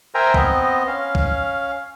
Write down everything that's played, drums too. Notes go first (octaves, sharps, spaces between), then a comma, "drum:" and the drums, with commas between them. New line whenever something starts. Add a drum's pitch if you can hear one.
A#4 C5 E5 G5 G#5 A#5
B3 C4 D#5, drum: kick B1
C#4 F5
drum: kick B1